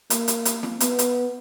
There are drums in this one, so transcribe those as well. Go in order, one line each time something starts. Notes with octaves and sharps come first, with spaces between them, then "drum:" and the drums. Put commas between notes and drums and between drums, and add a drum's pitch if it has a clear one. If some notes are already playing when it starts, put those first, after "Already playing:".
A#3, drum: hi-hat
drum: hi-hat
drum: hi-hat
drum: snare
B3, drum: hi-hat
drum: hi-hat